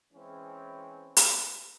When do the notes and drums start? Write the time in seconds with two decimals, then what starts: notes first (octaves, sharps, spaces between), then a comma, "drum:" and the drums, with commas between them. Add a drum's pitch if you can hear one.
0.13 E3 G#3 C4 C#4
1.17 drum: hi-hat